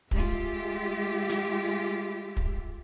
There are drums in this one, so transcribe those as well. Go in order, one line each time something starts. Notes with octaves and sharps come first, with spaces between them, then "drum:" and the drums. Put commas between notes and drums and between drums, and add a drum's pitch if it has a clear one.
G#3 F4 G4 E5, drum: kick
drum: hi-hat
drum: kick